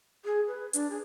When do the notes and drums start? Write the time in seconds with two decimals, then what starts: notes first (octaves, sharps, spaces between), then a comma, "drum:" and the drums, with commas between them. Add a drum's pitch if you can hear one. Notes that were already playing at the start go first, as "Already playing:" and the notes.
0.25 G#4
0.47 B4
0.73 D4, drum: hi-hat
0.90 G#4